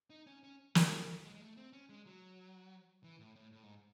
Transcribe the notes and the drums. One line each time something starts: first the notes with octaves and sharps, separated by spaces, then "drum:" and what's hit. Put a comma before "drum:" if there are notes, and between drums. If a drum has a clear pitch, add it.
D#4
C#4
C#4
C4, drum: snare
E3
F#3
G#3
G#3
A3
C4
C#4
G#3
F#3
E3
A2
A2
A2
G#2